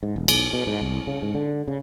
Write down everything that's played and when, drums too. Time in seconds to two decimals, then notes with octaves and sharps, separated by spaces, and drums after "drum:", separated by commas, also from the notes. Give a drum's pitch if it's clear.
0.03 G#2
0.16 E1
0.28 B1, drum: cymbal
0.53 B2
0.67 G#2
0.82 C2
1.07 C#3
1.22 G#2
1.35 D3
1.68 C#3